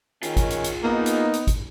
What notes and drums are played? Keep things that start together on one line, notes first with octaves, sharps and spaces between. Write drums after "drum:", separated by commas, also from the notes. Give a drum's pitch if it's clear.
D#3 C#4 F4 G#4, drum: hi-hat
drum: kick, hi-hat
drum: hi-hat
drum: hi-hat
A#3 B3 D#4
drum: hi-hat
drum: hi-hat
drum: kick, hi-hat